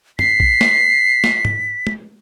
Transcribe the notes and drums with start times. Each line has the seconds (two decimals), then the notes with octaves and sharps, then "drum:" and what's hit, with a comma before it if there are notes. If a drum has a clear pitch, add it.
0.19 B6 C7, drum: tom
0.40 drum: kick
0.61 drum: snare
1.24 drum: snare
1.45 drum: tom
1.87 drum: tom